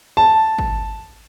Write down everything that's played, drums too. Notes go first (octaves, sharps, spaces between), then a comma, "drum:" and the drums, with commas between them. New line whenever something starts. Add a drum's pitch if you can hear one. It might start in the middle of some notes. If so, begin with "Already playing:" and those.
A5
drum: kick G#1